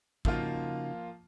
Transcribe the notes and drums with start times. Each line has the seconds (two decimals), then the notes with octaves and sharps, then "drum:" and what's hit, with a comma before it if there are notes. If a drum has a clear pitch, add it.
0.25 C#3 F3 A#3 D#4 F4 F#4, drum: kick